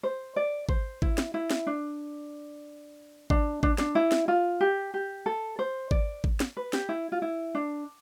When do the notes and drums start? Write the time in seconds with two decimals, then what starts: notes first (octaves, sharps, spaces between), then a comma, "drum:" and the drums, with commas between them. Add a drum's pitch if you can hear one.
0.03 C5
0.36 D5
0.69 C5, drum: kick G#1
1.02 E4, drum: kick G#1
1.18 drum: snare
1.34 E4
1.51 drum: snare
1.67 D4
3.30 D4, drum: kick G#1
3.63 D4, drum: kick G#1
3.78 D4, drum: snare
3.95 E4
4.12 drum: snare
4.28 F4
4.61 G4
4.94 G4
5.26 A4
5.59 C5
5.91 D5, drum: kick G#1
6.24 drum: kick G#1
6.40 drum: snare
6.57 B4
6.73 G4, drum: snare
6.89 E4
7.12 F4
7.22 E4
7.55 D4